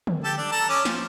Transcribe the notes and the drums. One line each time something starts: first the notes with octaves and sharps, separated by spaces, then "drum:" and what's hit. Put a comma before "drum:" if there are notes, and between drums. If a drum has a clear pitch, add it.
drum: tom D3
G4 A4 A5
D4
A4 A5 A#5
C#4 D6
F3, drum: snare